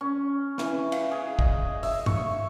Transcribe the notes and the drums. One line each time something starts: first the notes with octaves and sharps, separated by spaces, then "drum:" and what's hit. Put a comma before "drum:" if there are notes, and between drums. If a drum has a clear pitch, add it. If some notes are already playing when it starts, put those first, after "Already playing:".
C#4
E3, drum: snare
F5, drum: cymbal
G#4
D#5, drum: kick
E5, drum: open hi-hat
C#6, drum: tom G2